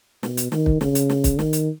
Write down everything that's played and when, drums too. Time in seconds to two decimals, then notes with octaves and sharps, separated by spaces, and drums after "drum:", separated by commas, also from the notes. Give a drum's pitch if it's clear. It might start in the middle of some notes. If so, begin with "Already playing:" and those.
0.23 B2, drum: snare
0.37 drum: hi-hat
0.52 D#3, drum: snare
0.66 drum: kick
0.81 C#3, drum: snare
0.95 drum: hi-hat
1.10 drum: snare
1.24 drum: kick, hi-hat
1.39 D#3, drum: snare
1.53 drum: hi-hat